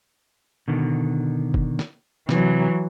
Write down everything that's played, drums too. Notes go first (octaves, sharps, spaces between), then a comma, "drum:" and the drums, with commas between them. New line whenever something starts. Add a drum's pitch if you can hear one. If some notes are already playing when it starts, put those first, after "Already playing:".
B2 D3 D#3
drum: kick F#1
drum: snare
C3 E3 F#3, drum: snare